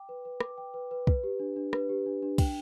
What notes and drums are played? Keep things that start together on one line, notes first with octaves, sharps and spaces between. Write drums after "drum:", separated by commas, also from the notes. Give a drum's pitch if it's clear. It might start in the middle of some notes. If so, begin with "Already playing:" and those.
Already playing: G5 D6
B4
B4
D6, drum: rim click
G5
B4
B4
B4, drum: kick
G4
D4
D4
B4, drum: rim click
G4
D4
D4
G5, drum: kick, cymbal